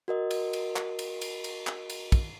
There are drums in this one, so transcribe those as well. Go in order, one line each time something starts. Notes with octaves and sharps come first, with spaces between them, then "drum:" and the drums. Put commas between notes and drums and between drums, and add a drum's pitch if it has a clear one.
F#4 A#4 D#5
drum: cymbal
drum: cymbal
drum: clap
drum: cymbal
drum: cymbal
drum: cymbal
drum: clap
drum: cymbal
drum: kick, cymbal